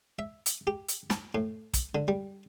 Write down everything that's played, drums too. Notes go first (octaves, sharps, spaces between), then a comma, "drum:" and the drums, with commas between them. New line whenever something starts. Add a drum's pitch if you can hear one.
E5
drum: hi-hat
G4
drum: hi-hat
A5, drum: snare
A2
drum: kick, hi-hat
D3
G3